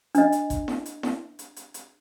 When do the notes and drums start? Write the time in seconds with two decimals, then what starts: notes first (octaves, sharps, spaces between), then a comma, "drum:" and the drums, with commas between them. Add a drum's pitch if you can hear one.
0.15 D4 D#5, drum: hi-hat
0.32 drum: hi-hat
0.50 drum: kick, hi-hat
0.68 drum: snare E4
0.86 drum: hi-hat
1.03 drum: snare E4
1.39 drum: hi-hat
1.56 drum: hi-hat
1.74 drum: hi-hat